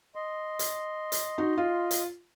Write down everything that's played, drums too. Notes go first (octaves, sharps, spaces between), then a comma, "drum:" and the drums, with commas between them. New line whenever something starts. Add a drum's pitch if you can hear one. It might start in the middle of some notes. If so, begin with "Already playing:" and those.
D#5 C6
drum: hi-hat
drum: hi-hat
D#4 F#4
F4
drum: hi-hat